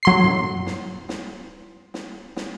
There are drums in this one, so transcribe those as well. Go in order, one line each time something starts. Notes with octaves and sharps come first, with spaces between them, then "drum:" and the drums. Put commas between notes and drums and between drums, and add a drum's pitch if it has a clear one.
F#3 C6 C7
drum: tom F#2
drum: snare
drum: snare
drum: snare
drum: snare